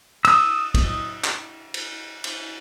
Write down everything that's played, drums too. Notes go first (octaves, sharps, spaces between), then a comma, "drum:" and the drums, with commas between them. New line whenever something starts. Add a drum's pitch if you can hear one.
D#6 E6, drum: cymbal
drum: kick, cymbal
drum: clap
drum: cymbal
drum: cymbal